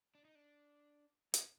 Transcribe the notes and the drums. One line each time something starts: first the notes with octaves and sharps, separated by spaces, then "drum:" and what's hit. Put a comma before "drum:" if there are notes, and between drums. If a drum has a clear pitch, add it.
D4
D#4
D4
C#4, drum: hi-hat